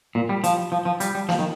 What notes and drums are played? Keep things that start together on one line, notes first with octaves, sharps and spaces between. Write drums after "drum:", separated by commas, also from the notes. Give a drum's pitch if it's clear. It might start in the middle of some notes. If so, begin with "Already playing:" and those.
A#2
G3
F3, drum: hi-hat
F3
F3
G3, drum: hi-hat
G3
F3, drum: snare
D#3